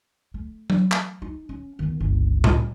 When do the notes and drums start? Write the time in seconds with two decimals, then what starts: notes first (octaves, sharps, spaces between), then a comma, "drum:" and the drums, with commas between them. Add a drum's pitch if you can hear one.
0.34 A3
0.70 drum: tom F#3
0.91 drum: clap
1.22 D#4
1.49 C#4
1.79 D#3 B3
2.00 G1 C#2
2.44 drum: tom A2